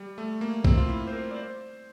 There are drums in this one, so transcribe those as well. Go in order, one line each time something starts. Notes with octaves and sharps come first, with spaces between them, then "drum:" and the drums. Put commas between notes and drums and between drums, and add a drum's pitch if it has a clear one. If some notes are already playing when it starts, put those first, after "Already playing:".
Already playing: G3
A3
A#3
C4, drum: kick
F4
E4
C5
A#4
D5
C5